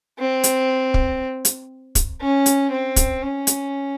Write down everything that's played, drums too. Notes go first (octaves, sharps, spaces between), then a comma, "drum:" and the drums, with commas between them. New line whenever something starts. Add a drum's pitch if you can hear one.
C4
drum: hi-hat
drum: kick
drum: hi-hat
drum: kick, hi-hat
C#4
drum: hi-hat
C4
drum: kick, hi-hat
C#4
drum: hi-hat